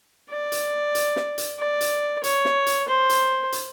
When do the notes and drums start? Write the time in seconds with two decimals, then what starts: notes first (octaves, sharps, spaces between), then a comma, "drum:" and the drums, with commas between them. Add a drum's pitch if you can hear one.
0.30 D5
0.52 drum: hi-hat
0.95 drum: hi-hat
1.16 drum: snare
1.38 drum: hi-hat
1.59 D5
1.81 drum: hi-hat
2.24 C#5, drum: hi-hat
2.45 drum: snare
2.66 drum: hi-hat
2.88 C5
3.09 drum: hi-hat
3.52 drum: hi-hat